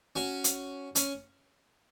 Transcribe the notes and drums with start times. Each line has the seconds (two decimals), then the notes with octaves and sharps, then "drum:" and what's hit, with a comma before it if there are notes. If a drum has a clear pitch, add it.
0.16 C#4 F#4
0.44 drum: hi-hat
0.95 C#4, drum: hi-hat